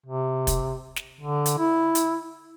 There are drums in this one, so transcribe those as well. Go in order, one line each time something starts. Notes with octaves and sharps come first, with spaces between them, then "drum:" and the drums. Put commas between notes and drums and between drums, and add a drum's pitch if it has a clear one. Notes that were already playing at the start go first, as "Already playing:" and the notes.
C3
drum: kick, hi-hat
drum: snare
D3
drum: hi-hat
E4
drum: hi-hat